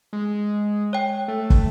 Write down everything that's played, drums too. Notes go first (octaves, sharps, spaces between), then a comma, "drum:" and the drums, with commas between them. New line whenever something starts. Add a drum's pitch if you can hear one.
G#3
C#5 G5
A3
drum: kick